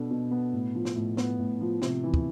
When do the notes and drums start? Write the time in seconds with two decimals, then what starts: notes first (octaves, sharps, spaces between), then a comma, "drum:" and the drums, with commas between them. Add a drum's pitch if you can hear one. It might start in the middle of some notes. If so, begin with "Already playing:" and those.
Already playing: B2 B3 D4 A4
0.11 B2
0.31 B3
0.53 A2
0.75 F3
0.85 drum: snare
0.96 A2
1.17 B3, drum: snare
1.39 A2
1.61 F3
1.82 C3, drum: snare
2.04 E3
2.14 drum: kick